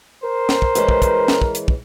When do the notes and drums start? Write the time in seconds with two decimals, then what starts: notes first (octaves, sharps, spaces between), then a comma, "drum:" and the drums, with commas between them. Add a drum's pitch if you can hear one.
0.24 A#4 C5
0.49 drum: snare
0.62 drum: kick
0.75 E3 G#3 C#4, drum: hi-hat
0.89 drum: kick
1.02 drum: kick, hi-hat
1.28 drum: snare
1.42 drum: kick
1.55 drum: hi-hat
1.68 drum: kick